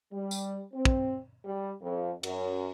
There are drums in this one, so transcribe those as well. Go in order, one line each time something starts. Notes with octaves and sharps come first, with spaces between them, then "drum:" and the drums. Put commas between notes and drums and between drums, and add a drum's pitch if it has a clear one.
G3
drum: tambourine
C4
drum: kick
G3
F2
F#2, drum: cymbal